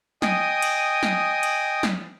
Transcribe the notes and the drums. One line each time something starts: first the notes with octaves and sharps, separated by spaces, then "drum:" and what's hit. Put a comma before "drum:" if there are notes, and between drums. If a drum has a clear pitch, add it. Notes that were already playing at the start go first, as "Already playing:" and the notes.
D#5 G5 G#5 D#6, drum: snare
drum: cymbal
drum: snare
drum: cymbal
drum: snare